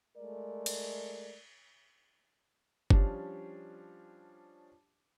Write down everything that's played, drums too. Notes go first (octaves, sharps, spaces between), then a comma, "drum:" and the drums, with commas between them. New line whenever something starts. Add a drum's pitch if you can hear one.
G#3 A3 A#4 D5
drum: cymbal
F3 G3 C#4 D4 G4, drum: kick F#1